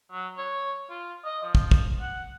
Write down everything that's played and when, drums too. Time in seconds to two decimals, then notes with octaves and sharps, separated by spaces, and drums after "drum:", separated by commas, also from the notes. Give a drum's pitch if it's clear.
0.12 F#3
0.37 C#5
0.90 F4
1.25 D#5
1.43 F3
1.55 drum: kick
1.71 drum: kick
2.01 F#5